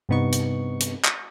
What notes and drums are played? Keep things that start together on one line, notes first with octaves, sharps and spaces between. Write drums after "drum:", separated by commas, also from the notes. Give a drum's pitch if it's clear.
G2 C3 B3 D#4 C#6
drum: hi-hat
drum: hi-hat
drum: clap